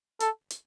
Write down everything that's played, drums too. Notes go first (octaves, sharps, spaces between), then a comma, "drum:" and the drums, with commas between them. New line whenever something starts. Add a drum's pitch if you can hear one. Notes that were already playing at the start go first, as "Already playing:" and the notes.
A4, drum: hi-hat
drum: hi-hat